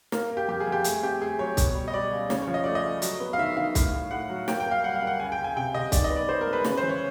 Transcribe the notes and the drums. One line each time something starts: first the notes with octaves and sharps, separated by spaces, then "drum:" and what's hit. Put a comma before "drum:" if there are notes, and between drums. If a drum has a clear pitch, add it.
A#3 A#4, drum: snare
A#3
G4
F2 G4
G#4
F2
G4
A3 G#4, drum: hi-hat
C4 G4
A3 G#4
F#3 C#5
B2, drum: kick, hi-hat
G3
D#5
G3 D5
C#2
C#3 C#5, drum: snare
C#5
F3
D#5
A3 D5
D#5
A3
F#3, drum: hi-hat
B3
F5
D#3 E5
D#3 F5
A2, drum: kick, hi-hat
A2
A2 F#5
F#3
A#3 G5, drum: snare
G5
A#3
F5
G3 F#5
F5
A#3 F#5
C#2 G#5
G5
C#2
G#5
C3 G5
C3 D#5
D#3 D5, drum: kick, hi-hat
D#5
B3
D5
B3 C5
A#4
G#3
B4
C#3 B4, drum: snare
C5
E3
C#5